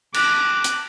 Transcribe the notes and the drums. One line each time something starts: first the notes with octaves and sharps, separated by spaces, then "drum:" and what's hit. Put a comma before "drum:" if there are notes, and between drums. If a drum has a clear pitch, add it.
D6 F#6, drum: cymbal
drum: hi-hat